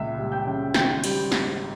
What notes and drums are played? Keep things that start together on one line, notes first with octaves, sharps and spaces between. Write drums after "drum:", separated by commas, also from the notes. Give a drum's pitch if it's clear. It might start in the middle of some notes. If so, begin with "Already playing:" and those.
Already playing: C#2 A#2 E5 E6
G3
G5 G6
C#3
G#1 G5 G6, drum: snare
G3, drum: cymbal
G#2, drum: snare